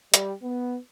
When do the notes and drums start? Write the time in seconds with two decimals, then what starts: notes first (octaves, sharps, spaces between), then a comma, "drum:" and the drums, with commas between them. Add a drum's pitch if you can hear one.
0.14 G3, drum: hi-hat
0.43 B3